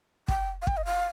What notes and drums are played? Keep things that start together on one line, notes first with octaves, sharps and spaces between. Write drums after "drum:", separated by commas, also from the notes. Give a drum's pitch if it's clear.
G5, drum: kick
F5
G5, drum: kick
D#5
F5